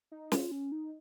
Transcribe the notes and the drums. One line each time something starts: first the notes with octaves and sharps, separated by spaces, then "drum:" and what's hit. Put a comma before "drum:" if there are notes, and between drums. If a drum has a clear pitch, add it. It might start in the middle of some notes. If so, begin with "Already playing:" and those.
D#4
F4, drum: snare
C#4
D#4